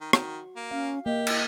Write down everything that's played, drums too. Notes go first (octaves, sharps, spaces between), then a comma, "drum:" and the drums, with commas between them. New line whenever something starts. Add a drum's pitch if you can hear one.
D#3
D#3 F#4, drum: rim click
A#3
C#4 F5
A#3 G4 D#5
drum: cymbal